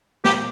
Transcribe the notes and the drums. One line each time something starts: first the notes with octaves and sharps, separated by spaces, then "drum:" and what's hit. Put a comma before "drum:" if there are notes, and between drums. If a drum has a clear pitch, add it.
G4, drum: snare